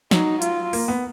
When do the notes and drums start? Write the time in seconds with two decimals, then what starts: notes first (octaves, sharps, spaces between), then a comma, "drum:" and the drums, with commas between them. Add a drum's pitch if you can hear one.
0.11 F#3 D#4, drum: snare
0.42 F4, drum: hi-hat
0.73 A#3, drum: open hi-hat
0.88 B3